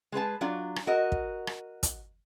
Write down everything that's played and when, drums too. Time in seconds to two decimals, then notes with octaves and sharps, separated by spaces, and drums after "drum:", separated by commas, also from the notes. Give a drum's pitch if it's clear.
0.12 G#3 G#4 B4 A5
0.41 F#3 D4 F4
0.76 drum: rim click
0.87 F#4 A#4 D#5
1.12 drum: kick
1.47 drum: rim click
1.83 drum: kick, hi-hat